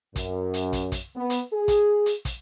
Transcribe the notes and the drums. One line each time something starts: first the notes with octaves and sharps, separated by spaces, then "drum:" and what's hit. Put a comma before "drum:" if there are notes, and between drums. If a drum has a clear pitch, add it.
F#2, drum: kick, hi-hat
drum: hi-hat
drum: kick, hi-hat
drum: kick, hi-hat
B3
drum: hi-hat
G#4
drum: kick, hi-hat
drum: hi-hat
drum: kick, hi-hat